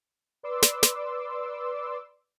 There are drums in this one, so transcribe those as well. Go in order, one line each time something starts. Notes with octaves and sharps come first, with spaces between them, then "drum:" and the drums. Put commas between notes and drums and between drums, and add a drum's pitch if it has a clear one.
B4 D5 C6 D6 E6
drum: snare
drum: snare